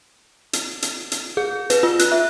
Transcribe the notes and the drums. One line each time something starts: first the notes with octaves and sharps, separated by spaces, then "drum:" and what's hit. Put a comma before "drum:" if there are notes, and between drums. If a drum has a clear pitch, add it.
drum: hi-hat
drum: hi-hat
drum: hi-hat
G#4
B4, drum: hi-hat
F4
F#6, drum: hi-hat
E5